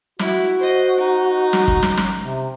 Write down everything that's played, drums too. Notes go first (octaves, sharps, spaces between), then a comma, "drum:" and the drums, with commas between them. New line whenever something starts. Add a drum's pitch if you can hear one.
E4 F#4, drum: snare
C5 D#5
D#4
drum: snare
drum: kick
drum: snare
drum: snare
C3